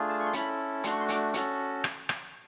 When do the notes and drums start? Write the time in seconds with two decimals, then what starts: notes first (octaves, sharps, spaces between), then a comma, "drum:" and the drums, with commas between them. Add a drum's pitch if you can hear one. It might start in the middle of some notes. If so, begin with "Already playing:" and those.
Already playing: A3 D4 F4 G#4
0.09 A5
0.20 C#6
0.26 C6
0.33 C#4 E4 A4 B5, drum: hi-hat
0.84 A3 D4 F#4 C6, drum: hi-hat
0.91 C#6
1.00 C6
1.09 D6, drum: hi-hat
1.34 C#4 F#4 A4, drum: hi-hat
1.84 drum: rim click
2.09 drum: rim click